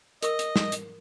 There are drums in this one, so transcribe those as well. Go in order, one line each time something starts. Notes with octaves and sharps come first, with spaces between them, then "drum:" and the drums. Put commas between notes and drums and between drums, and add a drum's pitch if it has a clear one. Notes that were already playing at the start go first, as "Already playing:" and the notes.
A#4 D#5 C#6, drum: hi-hat
drum: hi-hat
drum: snare
drum: hi-hat